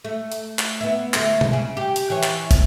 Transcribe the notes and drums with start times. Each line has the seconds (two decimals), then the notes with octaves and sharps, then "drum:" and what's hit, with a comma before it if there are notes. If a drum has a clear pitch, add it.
0.05 A3
0.32 drum: hi-hat
0.59 drum: clap
0.81 B3 E4
1.14 D2 A3, drum: clap
1.41 drum: tom B2
1.53 C#3
1.77 G4
1.96 drum: hi-hat
2.10 E3 C#5
2.23 drum: clap
2.51 drum: kick, hi-hat